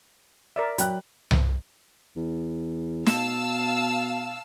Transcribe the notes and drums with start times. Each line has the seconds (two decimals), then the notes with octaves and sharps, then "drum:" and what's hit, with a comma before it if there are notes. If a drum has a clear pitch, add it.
0.56 A#4 D5 E5
0.78 F#3 G5 B5 F#6, drum: hi-hat
1.31 drum: tom C2
2.16 E2
3.06 B2 F5 A5 E6, drum: snare